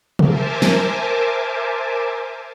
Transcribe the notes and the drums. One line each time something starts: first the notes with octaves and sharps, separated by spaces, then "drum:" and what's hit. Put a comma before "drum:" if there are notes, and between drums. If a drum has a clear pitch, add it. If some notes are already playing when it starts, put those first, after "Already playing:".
A#4 C5 E5 G#5 A5 D6, drum: tom C3
drum: snare